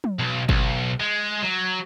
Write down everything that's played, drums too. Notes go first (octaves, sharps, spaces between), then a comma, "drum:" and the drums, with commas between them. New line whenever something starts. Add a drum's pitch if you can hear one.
drum: tom
B1
B1, drum: kick G1
G#3
F#3